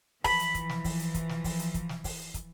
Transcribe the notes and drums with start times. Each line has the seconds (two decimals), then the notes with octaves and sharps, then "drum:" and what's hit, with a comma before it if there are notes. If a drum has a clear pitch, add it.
0.24 E3 F3 B5, drum: kick, open hi-hat
0.39 drum: hi-hat
0.54 drum: kick, hi-hat
0.69 drum: snare
0.84 drum: kick, open hi-hat
0.99 drum: hi-hat
1.14 drum: kick, hi-hat
1.29 drum: snare
1.44 drum: kick, open hi-hat
1.59 drum: hi-hat
1.74 drum: kick, hi-hat
1.89 drum: snare
2.04 drum: kick, open hi-hat
2.34 drum: kick, hi-hat